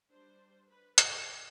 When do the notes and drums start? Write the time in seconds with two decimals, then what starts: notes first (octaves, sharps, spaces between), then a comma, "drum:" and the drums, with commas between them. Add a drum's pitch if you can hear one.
0.11 G3 D4 C5
0.69 B4
0.98 A4, drum: hi-hat